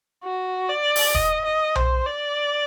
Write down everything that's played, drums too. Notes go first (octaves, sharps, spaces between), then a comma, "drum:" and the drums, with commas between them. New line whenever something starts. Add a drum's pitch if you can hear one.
F#4
D5
drum: open hi-hat
D#5, drum: kick D#1
D#5
C5, drum: tom B1
D5